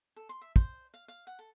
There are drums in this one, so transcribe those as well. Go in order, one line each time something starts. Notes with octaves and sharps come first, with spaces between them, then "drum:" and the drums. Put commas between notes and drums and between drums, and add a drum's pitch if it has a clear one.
A4
C6
E5
C5, drum: kick
F5
F5
F#5
A4